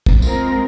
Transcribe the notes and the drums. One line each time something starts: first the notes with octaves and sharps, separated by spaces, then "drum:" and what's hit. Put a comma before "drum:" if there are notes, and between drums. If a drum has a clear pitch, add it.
drum: kick
G#3 C4 F4 A#4, drum: tambourine